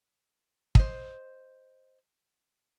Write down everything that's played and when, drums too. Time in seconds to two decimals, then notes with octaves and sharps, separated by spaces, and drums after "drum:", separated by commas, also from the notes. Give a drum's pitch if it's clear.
0.75 C5 D#5, drum: kick